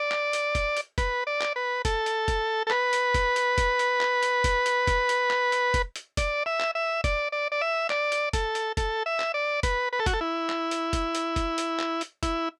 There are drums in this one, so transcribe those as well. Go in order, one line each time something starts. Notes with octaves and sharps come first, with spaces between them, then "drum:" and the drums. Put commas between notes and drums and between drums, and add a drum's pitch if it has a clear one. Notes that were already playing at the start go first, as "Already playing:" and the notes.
Already playing: D5
drum: clap
drum: hi-hat
drum: kick, hi-hat
drum: hi-hat
B4, drum: kick, hi-hat
D5
drum: clap
B4
A4, drum: kick, hi-hat
drum: hi-hat
drum: kick, hi-hat
A4
B4, drum: clap
drum: hi-hat
drum: kick, hi-hat
drum: hi-hat
drum: kick, hi-hat
drum: hi-hat
drum: clap
drum: hi-hat
drum: kick, hi-hat
drum: hi-hat
drum: kick, hi-hat
drum: hi-hat
drum: clap
drum: hi-hat
drum: kick, hi-hat
drum: hi-hat
D5, drum: kick, hi-hat
E5
drum: clap
E5
D5, drum: kick, hi-hat
D5
D5
E5
D5, drum: clap
drum: hi-hat
A4, drum: kick, hi-hat
drum: hi-hat
A4, drum: kick, hi-hat
E5
drum: clap
D5
B4, drum: kick, hi-hat
B4
A4
F#4, drum: kick, hi-hat
A4
E4
drum: clap
drum: hi-hat
drum: kick, hi-hat
drum: hi-hat
drum: kick, hi-hat
drum: hi-hat
drum: clap
drum: hi-hat
E4, drum: kick, hi-hat